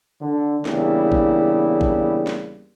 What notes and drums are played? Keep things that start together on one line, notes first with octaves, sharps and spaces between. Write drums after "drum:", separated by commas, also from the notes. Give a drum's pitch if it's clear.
D3
E2 C#3 G3 A#3 D4 E4, drum: snare
drum: kick A1
drum: kick A1
drum: snare